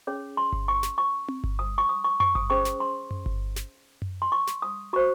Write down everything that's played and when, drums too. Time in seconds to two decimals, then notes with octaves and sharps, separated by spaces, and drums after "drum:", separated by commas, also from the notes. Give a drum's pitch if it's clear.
0.07 C#4 G#4 C#5
0.37 C6
0.52 drum: kick G1
0.68 C#6
0.83 drum: snare
0.98 C#6
1.28 drum: tom C4
1.44 drum: kick G1
1.59 D#6
1.78 C#6
1.89 D#6
2.04 C#6
2.20 C#6, drum: tom F#2
2.35 D#6, drum: kick G1
2.50 C#4 G#4 C5 C#6
2.65 drum: snare
2.80 C6
3.11 drum: tom F#2
3.26 drum: kick G1
3.56 drum: snare
4.02 drum: tom F#2
4.22 C6
4.32 C#6
4.47 drum: snare
4.62 D#6
4.93 F#4 C5 C#6